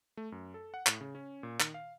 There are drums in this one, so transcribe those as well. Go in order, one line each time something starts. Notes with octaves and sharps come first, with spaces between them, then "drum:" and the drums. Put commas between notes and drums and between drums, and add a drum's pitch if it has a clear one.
A3
F#2
A4
F#5
A2, drum: clap
C#3
C#4
A#2
D#3, drum: clap
F5